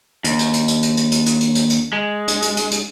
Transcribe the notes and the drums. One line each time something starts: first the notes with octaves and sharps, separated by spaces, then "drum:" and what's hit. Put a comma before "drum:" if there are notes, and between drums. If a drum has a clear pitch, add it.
D#2, drum: hi-hat
drum: hi-hat
drum: hi-hat
drum: hi-hat
drum: hi-hat
drum: hi-hat
drum: hi-hat
drum: hi-hat
drum: hi-hat
drum: hi-hat
drum: hi-hat
G#3
drum: hi-hat
drum: hi-hat
drum: hi-hat
drum: hi-hat